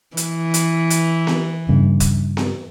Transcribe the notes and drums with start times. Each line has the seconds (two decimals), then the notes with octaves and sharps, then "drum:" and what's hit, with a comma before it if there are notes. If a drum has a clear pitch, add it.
0.17 E3, drum: hi-hat
0.54 drum: hi-hat
0.90 drum: hi-hat
1.27 drum: snare B3
1.69 G2 C#3
2.00 drum: kick, hi-hat
2.37 drum: snare B3